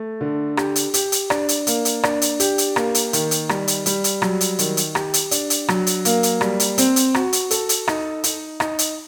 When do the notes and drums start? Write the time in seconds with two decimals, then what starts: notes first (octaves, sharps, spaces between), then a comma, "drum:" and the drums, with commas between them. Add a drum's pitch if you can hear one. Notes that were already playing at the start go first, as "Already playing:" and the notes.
Already playing: A3
0.21 D3
0.57 G4, drum: rim click
0.76 drum: hi-hat
0.94 G4, drum: hi-hat
1.12 drum: hi-hat
1.30 D4, drum: rim click
1.49 drum: hi-hat
1.67 A#3, drum: hi-hat
1.85 drum: hi-hat
2.03 D4, drum: rim click
2.22 drum: hi-hat
2.40 G4, drum: hi-hat
2.58 drum: hi-hat
2.76 A#3, drum: rim click
2.95 drum: hi-hat
3.13 D#3, drum: hi-hat
3.31 drum: hi-hat
3.49 G3, drum: rim click
3.68 drum: hi-hat
3.86 G3, drum: hi-hat
4.04 drum: hi-hat
4.22 F#3, drum: rim click
4.41 drum: hi-hat
4.59 D#3, drum: hi-hat
4.77 drum: hi-hat
4.95 G4, drum: rim click
5.14 drum: hi-hat
5.31 D4, drum: hi-hat
5.50 drum: hi-hat
5.68 F#3, drum: rim click
5.87 drum: hi-hat
6.05 A#3, drum: hi-hat
6.23 drum: hi-hat
6.41 G3, drum: rim click
6.60 drum: hi-hat
6.78 C4, drum: hi-hat
6.96 drum: hi-hat
7.14 F#4, drum: rim click
7.33 drum: hi-hat
7.51 A4, drum: hi-hat
7.69 drum: hi-hat
7.88 D#4, drum: rim click
8.24 D#4, drum: hi-hat
8.60 D#4, drum: rim click
8.79 drum: hi-hat